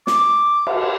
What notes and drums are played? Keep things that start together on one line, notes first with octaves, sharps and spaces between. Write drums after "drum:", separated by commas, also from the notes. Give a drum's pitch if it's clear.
D6, drum: snare
drum: cymbal